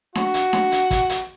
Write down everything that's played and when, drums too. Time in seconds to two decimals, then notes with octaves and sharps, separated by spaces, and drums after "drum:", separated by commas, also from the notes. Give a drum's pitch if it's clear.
0.15 F#4, drum: snare D4
0.34 drum: hi-hat
0.53 drum: snare D4
0.72 drum: hi-hat
0.91 drum: kick, hi-hat
1.09 drum: hi-hat